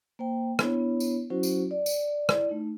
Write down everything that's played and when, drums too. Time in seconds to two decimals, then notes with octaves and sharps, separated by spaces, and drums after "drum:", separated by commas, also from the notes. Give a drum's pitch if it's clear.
0.19 A#3 C5 G5
0.59 B3 D4 E4 C#5, drum: rim click
1.00 drum: tambourine
1.30 F#3 C#4 E4 F#4 C5
1.43 drum: tambourine
1.71 D5
1.86 drum: tambourine
2.29 E4 D5, drum: rim click
2.49 A3 D#4